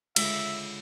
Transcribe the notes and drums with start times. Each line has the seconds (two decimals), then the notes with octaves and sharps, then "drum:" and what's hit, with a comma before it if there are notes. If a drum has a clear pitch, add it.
0.16 C#2 D3 D#5 E5, drum: cymbal